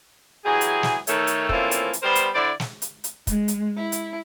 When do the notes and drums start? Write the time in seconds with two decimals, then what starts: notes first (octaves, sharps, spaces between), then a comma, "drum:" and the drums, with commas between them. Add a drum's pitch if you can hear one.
0.45 E3 F#3 G4 G#4
0.61 drum: hi-hat
0.83 drum: snare
1.07 D#3 A3 C#5, drum: hi-hat
1.27 drum: hi-hat
1.49 E3 F3 A3 A#3 C4 C#4, drum: kick
1.71 drum: hi-hat
1.93 drum: hi-hat
2.03 G3 B3 A#4 C5
2.15 drum: hi-hat
2.34 D3 E4 C5 D5
2.60 drum: snare
2.82 drum: hi-hat
3.04 drum: hi-hat
3.27 G#3, drum: kick, hi-hat
3.48 drum: hi-hat
3.77 E4
3.92 drum: hi-hat